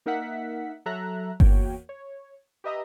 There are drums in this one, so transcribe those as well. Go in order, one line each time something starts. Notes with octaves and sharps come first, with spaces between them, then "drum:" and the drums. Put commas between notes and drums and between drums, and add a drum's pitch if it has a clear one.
A#3 D#4 A#4 E5 F#5 B6
F#3 A4 E5 A#5 F#6
E2 A#3 F#4 C#5 G5, drum: kick G1
C#5
G4 B4 D#5 E5 A#5 D#6